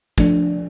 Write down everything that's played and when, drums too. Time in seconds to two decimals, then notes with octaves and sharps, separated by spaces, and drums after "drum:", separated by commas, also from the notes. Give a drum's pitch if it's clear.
0.18 F3 A3 D4, drum: kick